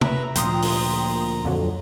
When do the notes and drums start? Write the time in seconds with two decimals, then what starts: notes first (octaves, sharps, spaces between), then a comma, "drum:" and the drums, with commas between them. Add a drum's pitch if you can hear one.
0.01 B4 E5 A#5, drum: tom
0.35 D2 A#2 F3 G5 A#5 C6 D#6, drum: hi-hat
0.62 drum: open hi-hat
1.45 F2 D3 F#3